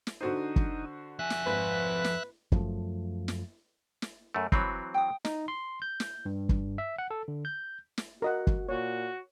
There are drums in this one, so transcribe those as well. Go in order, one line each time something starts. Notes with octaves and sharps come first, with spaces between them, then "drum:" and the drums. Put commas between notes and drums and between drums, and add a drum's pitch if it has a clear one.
drum: snare
D3 D#4 F#4 C5
drum: kick
F2 E5 G#5 F#6
drum: snare
G#1 B4
drum: snare
F#2 F3 A3, drum: kick
drum: snare
drum: snare
F#2 A3
E3 F#3 C4 C#5 B5, drum: kick
G5 D#6
D#4, drum: snare
C6
G6
drum: snare
G2
drum: kick
E5
F#5
A4
D3
G6
drum: snare
F#4 A#4 D#5 F#5
drum: kick
A#2 F#4 C#5